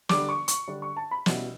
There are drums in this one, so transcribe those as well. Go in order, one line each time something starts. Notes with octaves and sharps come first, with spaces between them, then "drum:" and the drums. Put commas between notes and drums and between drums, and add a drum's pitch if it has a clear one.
D3 G3 D4 D6, drum: snare
C#6
C#6, drum: hi-hat
D3 G3 D4
C#6
A5
B5
B2 G3 C#4 E4, drum: snare